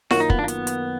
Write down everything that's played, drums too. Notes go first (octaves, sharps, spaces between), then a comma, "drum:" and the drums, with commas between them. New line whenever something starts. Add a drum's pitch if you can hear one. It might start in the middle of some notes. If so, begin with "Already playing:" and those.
F#2 D#3 A#3 F4 F#4, drum: snare E4
D#4
B3, drum: kick
D4
A#3
B3, drum: hi-hat
drum: hi-hat